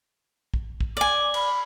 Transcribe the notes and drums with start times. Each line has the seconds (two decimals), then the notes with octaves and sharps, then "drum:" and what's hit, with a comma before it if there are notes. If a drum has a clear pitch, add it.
0.54 drum: kick
0.81 drum: kick
0.97 D5 G#5 D6
1.34 B5, drum: cymbal